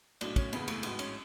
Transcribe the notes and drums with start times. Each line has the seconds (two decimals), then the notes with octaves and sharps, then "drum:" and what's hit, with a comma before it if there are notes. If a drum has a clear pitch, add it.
0.21 B1 A2 F#3 D4, drum: cymbal
0.36 C#4, drum: kick, cymbal
0.53 F#1 E2 C#3 E3 B3, drum: cymbal
0.68 A3, drum: cymbal
0.83 A1 G#2 F#3 B3, drum: cymbal
0.99 C#4, drum: cymbal